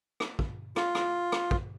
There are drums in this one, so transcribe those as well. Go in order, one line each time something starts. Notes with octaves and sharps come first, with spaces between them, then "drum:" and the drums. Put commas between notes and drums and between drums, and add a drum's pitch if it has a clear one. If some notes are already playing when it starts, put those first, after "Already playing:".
drum: rim click
drum: kick
F4, drum: rim click
drum: rim click
drum: rim click
drum: kick